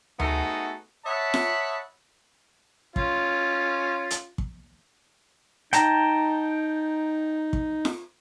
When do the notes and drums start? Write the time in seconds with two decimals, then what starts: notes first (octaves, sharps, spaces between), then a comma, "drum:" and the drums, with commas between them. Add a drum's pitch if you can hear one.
0.19 A3 B3 D#4 F#4 G#4 A4, drum: tom D2
1.05 C#5 D#5 E5 F#5 A5 B5
1.34 drum: snare F4
2.96 C#4 F4, drum: kick
4.11 drum: hi-hat
4.38 drum: kick
5.73 D#4 G5 A5 A#5, drum: hi-hat
7.53 drum: kick
7.85 drum: snare F4